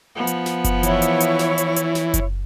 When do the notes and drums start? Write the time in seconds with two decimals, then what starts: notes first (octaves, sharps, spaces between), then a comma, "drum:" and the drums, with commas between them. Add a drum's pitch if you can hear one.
0.16 F3 B3
0.27 drum: hi-hat
0.46 drum: snare
0.64 drum: kick F#1, hi-hat
0.83 E3 E4 C#5, drum: hi-hat
1.02 drum: hi-hat
1.20 drum: hi-hat
1.39 drum: snare
1.58 drum: hi-hat
1.76 drum: hi-hat
1.95 drum: snare
2.14 drum: kick F#1, hi-hat